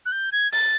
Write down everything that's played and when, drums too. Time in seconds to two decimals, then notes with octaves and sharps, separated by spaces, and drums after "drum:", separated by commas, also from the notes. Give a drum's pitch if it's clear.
0.06 F#6
0.12 G6
0.32 G#6
0.52 A6, drum: open hi-hat